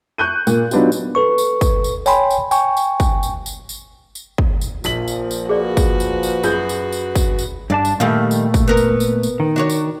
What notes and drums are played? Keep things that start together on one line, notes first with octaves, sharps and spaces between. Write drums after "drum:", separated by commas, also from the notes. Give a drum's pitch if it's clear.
C#6 F#6 G6 D#7
A#2, drum: tambourine
F#3 B3 D4 D#4 F4 G4, drum: tambourine
drum: tambourine
A4 B4 C#6
drum: tambourine
drum: kick, tambourine
drum: tambourine
C#5 G5 G#5 B5 C6, drum: tambourine
drum: tambourine
G5 G#5 C#6, drum: tambourine
drum: tambourine
drum: kick, tambourine
drum: tambourine
drum: tambourine
drum: tambourine
drum: tambourine
drum: kick
drum: tambourine
A#1 A#2 F3 B6 F#7, drum: tambourine
drum: tambourine
drum: tambourine
F#4 G#4 B4 D5
drum: kick, tambourine
drum: tambourine
drum: tambourine
F#2 F4 G#4 G6, drum: tambourine
drum: tambourine
drum: tambourine
drum: kick, tambourine
drum: tambourine
G2 D4 D5 A5
drum: tambourine
A#2 D#3 G3 A3 F4
drum: tambourine
drum: kick, tambourine
B3 A#4
drum: tambourine
drum: tambourine
drum: tambourine
D#3
D4 F#4 C#5
drum: tambourine